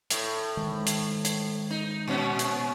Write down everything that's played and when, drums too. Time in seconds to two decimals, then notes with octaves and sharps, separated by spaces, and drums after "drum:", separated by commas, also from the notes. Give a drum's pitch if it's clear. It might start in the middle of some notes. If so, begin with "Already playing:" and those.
0.10 A2, drum: hi-hat
0.57 D#3 G#3
0.87 drum: hi-hat
1.25 drum: hi-hat
1.70 D#4
2.08 A#2 C#4
2.39 drum: hi-hat